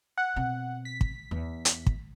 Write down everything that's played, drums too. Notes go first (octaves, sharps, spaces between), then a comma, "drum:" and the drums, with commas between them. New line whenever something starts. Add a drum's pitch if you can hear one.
F#5
B2 C4
B6
drum: kick
E2
drum: hi-hat
drum: kick